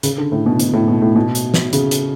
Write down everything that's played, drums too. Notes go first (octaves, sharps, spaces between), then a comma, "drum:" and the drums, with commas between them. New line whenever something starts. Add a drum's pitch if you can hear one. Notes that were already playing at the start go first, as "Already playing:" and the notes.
C#3, drum: hi-hat
D3
A2
B2
B2, drum: hi-hat
A2
B2
A2
B2
drum: hi-hat
drum: snare
C#3, drum: hi-hat
drum: hi-hat